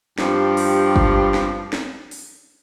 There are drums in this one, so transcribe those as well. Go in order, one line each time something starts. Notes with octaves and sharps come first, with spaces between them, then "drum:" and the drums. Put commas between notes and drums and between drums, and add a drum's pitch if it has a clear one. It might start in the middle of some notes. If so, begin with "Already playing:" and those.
G2 F3 G4, drum: snare
drum: open hi-hat
drum: kick G1
drum: snare
drum: snare
drum: open hi-hat